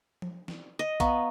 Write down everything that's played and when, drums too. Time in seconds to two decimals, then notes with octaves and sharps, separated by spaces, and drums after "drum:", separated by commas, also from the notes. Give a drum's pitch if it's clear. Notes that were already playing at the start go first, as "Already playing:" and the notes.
0.22 drum: tom F3
0.48 drum: snare
0.79 D#5
1.00 B3 F5 A#5 C#6, drum: kick A#1, hi-hat